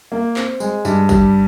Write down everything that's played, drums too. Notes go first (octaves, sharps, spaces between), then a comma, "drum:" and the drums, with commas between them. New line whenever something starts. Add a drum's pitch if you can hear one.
A#3
C4, drum: clap
G#3, drum: tambourine
G2, drum: tambourine
G3, drum: kick G1, tambourine